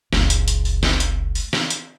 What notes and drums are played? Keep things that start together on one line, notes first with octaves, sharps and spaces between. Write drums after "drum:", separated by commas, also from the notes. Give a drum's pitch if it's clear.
F#1 C#2, drum: snare
drum: hi-hat
drum: hi-hat
drum: open hi-hat
drum: snare
drum: hi-hat
drum: open hi-hat
drum: snare
drum: hi-hat